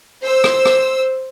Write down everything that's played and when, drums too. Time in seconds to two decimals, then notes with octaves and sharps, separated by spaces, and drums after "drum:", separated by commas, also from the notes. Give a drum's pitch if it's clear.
0.22 C5 E6
0.44 drum: rim click
0.65 drum: rim click